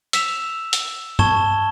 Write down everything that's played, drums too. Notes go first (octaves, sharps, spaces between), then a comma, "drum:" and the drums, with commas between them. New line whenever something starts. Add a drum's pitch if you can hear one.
E6 B6 E7 F7, drum: hi-hat
drum: hi-hat
A5 C#6 G#6 E7 G7, drum: tom G2